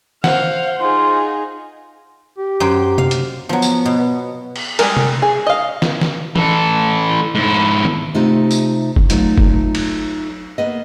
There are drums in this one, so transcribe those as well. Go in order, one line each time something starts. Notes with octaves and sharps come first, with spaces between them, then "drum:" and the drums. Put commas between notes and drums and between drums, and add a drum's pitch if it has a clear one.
C5 F5 F#5, drum: snare
D#4 F4 G#4
G4
F#2 C5 G5
F5, drum: tom C3
drum: hi-hat
F3 F#3 B3
drum: tambourine
B2
drum: cymbal
G3 G#3 A#4, drum: cymbal
drum: tom C3
G#4
D#5 F5
drum: snare
drum: snare
E3 A4, drum: tom E3
G#2 E4
drum: tom D#3
C3 A3 D#4 F4 G4
drum: tambourine
drum: kick
F#3 A3 B3 D#4 F4, drum: hi-hat
drum: kick
drum: cymbal
A#3 B3 D#5